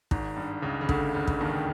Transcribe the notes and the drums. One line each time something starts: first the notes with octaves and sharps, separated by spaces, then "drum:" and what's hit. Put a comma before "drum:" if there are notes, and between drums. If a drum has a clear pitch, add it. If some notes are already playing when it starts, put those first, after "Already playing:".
G#1 G#2, drum: kick
G2
C#2 C#3
C#3
D2 D3, drum: kick
C#2 C#3
drum: kick
D#2 D#3